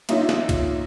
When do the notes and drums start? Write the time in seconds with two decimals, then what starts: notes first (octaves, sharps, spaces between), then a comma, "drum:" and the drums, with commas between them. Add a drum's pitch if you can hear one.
0.09 A#3 C#4 D#4 F4 E5, drum: cymbal
0.29 drum: snare
0.49 drum: kick, cymbal